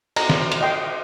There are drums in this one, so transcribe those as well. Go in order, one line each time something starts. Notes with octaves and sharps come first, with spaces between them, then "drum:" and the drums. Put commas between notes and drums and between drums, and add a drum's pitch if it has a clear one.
D#5 A#5, drum: cymbal
drum: snare
drum: hi-hat
D#5 F5 G5 C6